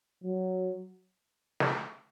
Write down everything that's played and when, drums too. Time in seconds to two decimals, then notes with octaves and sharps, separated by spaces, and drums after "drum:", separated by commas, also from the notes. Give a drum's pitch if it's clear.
0.24 F#3
1.60 drum: snare